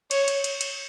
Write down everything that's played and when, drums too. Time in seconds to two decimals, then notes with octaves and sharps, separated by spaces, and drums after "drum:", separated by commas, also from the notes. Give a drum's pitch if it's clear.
0.11 C#5, drum: cymbal
0.28 drum: cymbal
0.44 drum: cymbal
0.61 drum: cymbal